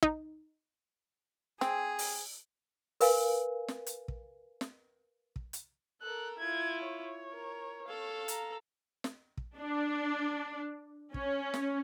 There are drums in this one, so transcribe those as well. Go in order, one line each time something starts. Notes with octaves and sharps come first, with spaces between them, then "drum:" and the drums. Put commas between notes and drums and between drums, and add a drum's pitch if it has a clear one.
D#4, drum: kick
C4 G#4, drum: snare
drum: open hi-hat
A#4 B4 F5 G#5, drum: open hi-hat
drum: snare
drum: hi-hat
drum: kick
drum: snare
drum: kick
drum: hi-hat
A4 A#4 F#6
E4 F4 G#6
C#5
A#4
A4 F5
A#5, drum: hi-hat
drum: snare
drum: kick
D4
C#4, drum: kick
drum: snare